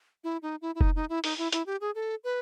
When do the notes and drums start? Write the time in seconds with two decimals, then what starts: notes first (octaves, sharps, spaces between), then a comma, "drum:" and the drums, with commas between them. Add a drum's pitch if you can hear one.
0.24 E4
0.42 D#4
0.62 E4
0.75 E4
0.81 D#4, drum: kick F1
0.95 D#4
1.09 E4
1.24 D#4, drum: open hi-hat
1.38 E4
1.52 E4, drum: hi-hat
1.66 G4
1.81 G#4
1.95 A4
2.24 B4